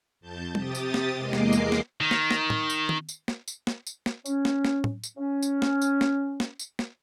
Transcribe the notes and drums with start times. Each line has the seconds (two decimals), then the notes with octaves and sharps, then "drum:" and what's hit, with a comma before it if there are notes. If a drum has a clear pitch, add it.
0.20 F2 A5 G6
0.55 C3 G4 D#6 A6, drum: tom
0.75 drum: tambourine
0.94 drum: snare
1.17 E2 G#3 A#3 D#5 D6 C7
1.33 drum: snare
1.53 drum: tambourine
1.72 drum: snare
2.01 D#3
2.11 drum: snare
2.31 drum: snare
2.50 drum: tom
2.70 drum: tambourine
2.89 drum: tom D#3
3.09 drum: tambourine
3.28 drum: snare
3.48 drum: tambourine
3.67 drum: snare
3.87 drum: tambourine
4.06 drum: snare
4.26 C#4, drum: tambourine
4.45 drum: snare
4.65 drum: snare
4.84 drum: tom
5.04 drum: tambourine
5.18 C#4
5.43 drum: tambourine
5.62 drum: snare
5.82 drum: tambourine
6.01 drum: snare
6.40 drum: snare
6.59 drum: tambourine
6.79 drum: snare